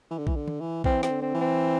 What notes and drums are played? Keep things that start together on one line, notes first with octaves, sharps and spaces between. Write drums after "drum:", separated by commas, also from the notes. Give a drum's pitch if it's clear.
E3
D3
E3, drum: kick A#1
D3
drum: tom D3
E3
E3 C4, drum: kick A#1
C4, drum: snare
D3
C4
E3
C4